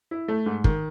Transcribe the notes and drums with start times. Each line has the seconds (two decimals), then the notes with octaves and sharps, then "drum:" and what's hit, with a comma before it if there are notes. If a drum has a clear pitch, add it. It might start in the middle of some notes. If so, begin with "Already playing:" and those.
0.11 E4
0.28 A3
0.46 G#2
0.64 D#3, drum: kick